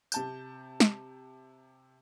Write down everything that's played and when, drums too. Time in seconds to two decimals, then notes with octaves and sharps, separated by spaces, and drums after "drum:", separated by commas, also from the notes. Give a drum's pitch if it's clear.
0.12 C3 A5 G6, drum: tambourine
0.80 drum: snare